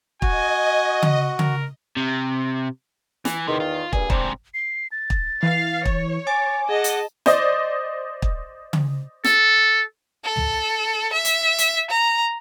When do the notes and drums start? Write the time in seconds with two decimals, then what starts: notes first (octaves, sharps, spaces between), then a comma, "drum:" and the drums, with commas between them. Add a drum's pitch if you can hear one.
0.22 F#4 D#5 G#5, drum: kick
1.02 drum: tom C#3
1.39 A#4, drum: tom C#3
1.97 C3
3.25 E3, drum: snare
3.47 E2 C3 D#3
3.60 F4
3.93 G2 A#2 G#4, drum: kick
4.10 G#2 C3 C4 D4, drum: kick
4.54 C7
4.92 A6
5.10 drum: kick
5.43 E3 F5
5.85 C#5, drum: kick
6.27 G#5 D6 A6
6.69 G#4 D#5 F#5 A5
6.84 drum: hi-hat
7.26 C5 D5 D#5, drum: snare
8.22 drum: kick
8.73 drum: tom C#3
9.24 A4, drum: snare
10.25 A4
10.36 drum: tom
11.13 E5
11.25 drum: hi-hat
11.58 drum: hi-hat
11.91 A#5